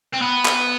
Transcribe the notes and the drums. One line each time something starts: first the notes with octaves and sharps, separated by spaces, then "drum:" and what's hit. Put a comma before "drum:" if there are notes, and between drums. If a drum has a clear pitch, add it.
C4
B3
drum: clap